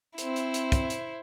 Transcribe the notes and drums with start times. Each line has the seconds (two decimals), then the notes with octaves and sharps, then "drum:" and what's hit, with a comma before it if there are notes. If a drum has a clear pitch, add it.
0.18 C4 E4 C5, drum: hi-hat
0.36 drum: hi-hat
0.54 drum: hi-hat
0.72 drum: kick, hi-hat
0.90 drum: hi-hat